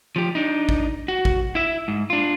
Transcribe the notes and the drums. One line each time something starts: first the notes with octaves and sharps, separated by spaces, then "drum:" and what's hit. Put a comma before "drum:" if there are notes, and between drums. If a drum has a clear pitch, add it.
F3 G4
D4 D#4
drum: kick A1
F#4
drum: kick A1
E4 E5
G#2
D4 F4